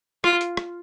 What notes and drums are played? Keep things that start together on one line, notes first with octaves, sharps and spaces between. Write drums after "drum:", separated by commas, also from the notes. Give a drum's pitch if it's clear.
F4, drum: rim click
drum: hi-hat
drum: rim click